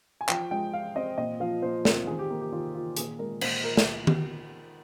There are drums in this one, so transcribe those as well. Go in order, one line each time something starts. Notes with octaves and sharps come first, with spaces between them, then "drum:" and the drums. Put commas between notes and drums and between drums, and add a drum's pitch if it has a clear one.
G#5
F3 G5, drum: clap
G#3 G5
F4 F5
C4 D#5
A#2 D#5
F3 F5
A#2 C5
C4 A#4, drum: snare
D#3 G#4
G4
A#3
G4
D#3 F4
F4
A#2 G#4, drum: hi-hat
G#3 A#4
A#2 C5, drum: cymbal
A#4
drum: snare
drum: tom D#3